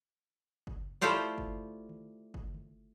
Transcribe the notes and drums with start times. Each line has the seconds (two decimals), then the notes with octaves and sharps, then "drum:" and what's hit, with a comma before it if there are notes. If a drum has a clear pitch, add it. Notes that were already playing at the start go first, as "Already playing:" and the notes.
0.67 drum: kick F#1
1.01 A3 E4 F4 G4 C5 D5
1.38 drum: kick F#1
1.89 drum: tom D3
2.34 drum: kick F#1
2.54 drum: tom D3